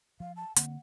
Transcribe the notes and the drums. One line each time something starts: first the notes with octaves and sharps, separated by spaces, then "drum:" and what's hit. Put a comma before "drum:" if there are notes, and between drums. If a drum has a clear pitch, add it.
F3 F5
A5
D3 A#3 C4 F#5, drum: hi-hat